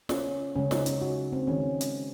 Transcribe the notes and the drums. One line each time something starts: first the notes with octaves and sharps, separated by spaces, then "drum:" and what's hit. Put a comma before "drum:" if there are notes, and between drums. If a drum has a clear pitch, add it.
C#4, drum: snare
C#3 G#3 C#4
D#4, drum: snare
C#4, drum: hi-hat
F#4
C4
D#3 G#3 C#4
drum: hi-hat